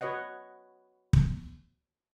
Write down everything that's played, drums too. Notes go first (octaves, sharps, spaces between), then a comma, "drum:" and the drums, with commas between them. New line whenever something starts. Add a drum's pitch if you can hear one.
F#4 B4 C#5 D#5 F#5
drum: kick